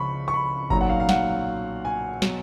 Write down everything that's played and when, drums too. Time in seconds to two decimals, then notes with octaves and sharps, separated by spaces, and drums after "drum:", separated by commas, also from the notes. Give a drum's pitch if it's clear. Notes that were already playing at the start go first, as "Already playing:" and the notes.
Already playing: C#2 C#3 F3 B5 C#6
0.28 C#6
0.34 B5
0.70 B1 A#2 F#3 A#5, drum: kick G1
0.81 F#5
0.89 F5
1.00 F5
1.09 F#5, drum: snare
1.85 G#5
2.22 B2 F#3, drum: snare